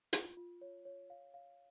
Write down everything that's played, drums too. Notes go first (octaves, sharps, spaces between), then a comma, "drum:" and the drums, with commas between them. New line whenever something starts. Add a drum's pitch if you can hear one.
F4, drum: hi-hat
F4
C#5
C#5
F5
F5